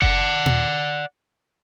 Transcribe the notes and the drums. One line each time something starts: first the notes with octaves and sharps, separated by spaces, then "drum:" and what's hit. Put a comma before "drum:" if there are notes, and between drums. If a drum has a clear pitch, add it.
D5 F#5, drum: kick F#1
drum: tom A#2